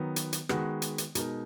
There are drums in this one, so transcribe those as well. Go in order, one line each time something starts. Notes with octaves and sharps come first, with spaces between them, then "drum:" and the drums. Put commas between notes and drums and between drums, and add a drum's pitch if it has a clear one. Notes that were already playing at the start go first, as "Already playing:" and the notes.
Already playing: D#3 F#3 B3
drum: hi-hat
drum: hi-hat
D#3 G#3 B3 F#4 B4, drum: rim click
drum: hi-hat
drum: hi-hat
B2 G#3 D#4 A#4, drum: hi-hat